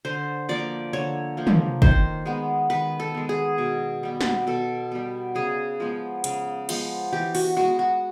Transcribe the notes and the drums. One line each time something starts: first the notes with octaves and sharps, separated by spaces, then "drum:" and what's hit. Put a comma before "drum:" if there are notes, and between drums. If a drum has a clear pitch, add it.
D3 C5
F3 A#3 D5
D3 C#5
F3 A#3
drum: tom
D#3 C5, drum: kick
G#3 B3
D#3 B4
A4
G#3 B3
G#4
B2
G3 B3
drum: snare
B2 A4
G3 B3
C#3 G#4
F3 G#3 B3
C#3, drum: hi-hat
F3 G#3 B3, drum: cymbal
E3 G4
F#4, drum: open hi-hat
G#3 B3 F#4
F#4